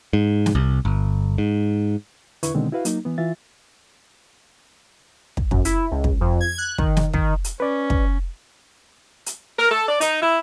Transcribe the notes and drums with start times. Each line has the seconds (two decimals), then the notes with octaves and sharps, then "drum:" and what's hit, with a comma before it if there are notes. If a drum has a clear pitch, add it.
0.13 G#2
0.46 drum: snare
0.55 C2
0.85 G1
1.38 G#2
2.43 E2 D3 E4 B4 C#6, drum: hi-hat
2.54 B2 D3 D#3 G#3 C4
2.72 E4 F#4 B4 F5
2.85 F#3 A#3 D#4, drum: hi-hat
3.05 E3 B3
3.18 E3 F4 E5 A6
5.37 drum: kick
5.51 F#2, drum: kick
5.65 E4, drum: hi-hat
5.91 C#2
6.04 drum: kick
6.21 F2
6.41 G#6
6.58 F#6
6.78 D#3, drum: kick
6.97 drum: snare
7.14 D#3, drum: kick
7.44 drum: hi-hat
7.60 C#4 B4 D5
7.90 drum: kick
9.26 drum: hi-hat
9.59 A#4
9.71 A4
9.88 D5
10.01 D#4, drum: hi-hat
10.22 E4